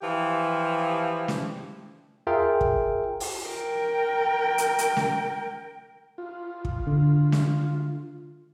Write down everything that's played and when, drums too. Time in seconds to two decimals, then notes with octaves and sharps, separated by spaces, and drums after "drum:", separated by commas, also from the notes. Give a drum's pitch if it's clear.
0.02 E3 F3 G4
1.28 drum: snare
2.27 F4 G#4 A#4 E5 G5
2.61 drum: kick
3.20 drum: open hi-hat
3.47 A#4 G5
4.58 drum: hi-hat
4.79 drum: hi-hat
4.97 drum: snare
6.18 F4
6.65 drum: kick
6.87 D3
7.32 drum: snare